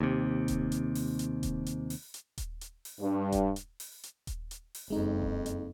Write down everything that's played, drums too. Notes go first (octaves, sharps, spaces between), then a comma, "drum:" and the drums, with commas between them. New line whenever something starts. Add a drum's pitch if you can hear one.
D#2 C3
drum: kick D#1, hi-hat
drum: hi-hat
drum: open hi-hat
drum: hi-hat
drum: kick D#1, hi-hat
drum: hi-hat
drum: open hi-hat
drum: hi-hat
drum: kick D#1, hi-hat
drum: hi-hat
drum: open hi-hat
G2
drum: kick D#1, hi-hat
drum: hi-hat
drum: open hi-hat
drum: hi-hat
drum: kick D#1, hi-hat
drum: hi-hat
drum: open hi-hat
F#1 F2 G#3 D#4
drum: kick D#1
drum: hi-hat